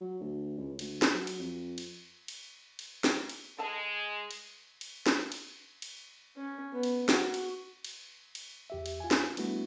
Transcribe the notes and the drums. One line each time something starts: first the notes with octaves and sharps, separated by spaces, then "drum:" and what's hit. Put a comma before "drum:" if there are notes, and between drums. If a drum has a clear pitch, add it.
F#3
D2
C#2
D2, drum: cymbal
drum: snare
F#3
drum: cymbal
F2
drum: cymbal
drum: cymbal
drum: cymbal
drum: snare
drum: cymbal
G#3 A4 G#5 A5
drum: cymbal
drum: cymbal
drum: snare
drum: cymbal
drum: cymbal
C#4
B3
drum: cymbal
F#4, drum: snare
drum: cymbal
drum: cymbal
drum: cymbal
E2 G4 E5
drum: cymbal
F4 G#5
drum: snare
G3 A3 B3 D4 E4 F#4, drum: cymbal